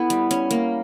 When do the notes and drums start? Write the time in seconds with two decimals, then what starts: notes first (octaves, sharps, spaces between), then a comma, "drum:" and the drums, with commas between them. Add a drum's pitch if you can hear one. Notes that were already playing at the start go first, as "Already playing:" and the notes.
Already playing: B3 E4 A4
0.10 G3, drum: hi-hat
0.31 C#4, drum: hi-hat
0.51 A#3, drum: hi-hat